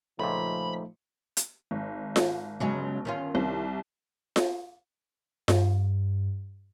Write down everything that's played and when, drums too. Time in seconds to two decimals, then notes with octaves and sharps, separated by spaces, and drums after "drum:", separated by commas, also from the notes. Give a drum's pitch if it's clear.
0.19 C#2 A#2 F3 A3 D#4 C5 B5
1.37 drum: hi-hat
1.71 G#1
2.16 drum: snare F4
2.60 G1 C#3 F#3 G#3
3.05 D#3 C#4 F4
3.35 C2
4.36 drum: snare F4
5.48 G2, drum: snare F4